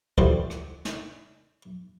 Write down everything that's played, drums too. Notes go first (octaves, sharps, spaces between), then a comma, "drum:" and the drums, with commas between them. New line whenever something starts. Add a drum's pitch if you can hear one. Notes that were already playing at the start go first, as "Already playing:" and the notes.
E3 F3 G3 F#4 A4 C5, drum: kick C#2
drum: rim click
drum: snare